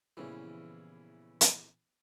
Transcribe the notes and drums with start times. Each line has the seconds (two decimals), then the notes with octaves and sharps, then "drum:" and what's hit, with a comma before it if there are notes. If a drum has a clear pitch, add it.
0.17 A#1 E2 C#3 E3 G3
1.41 drum: hi-hat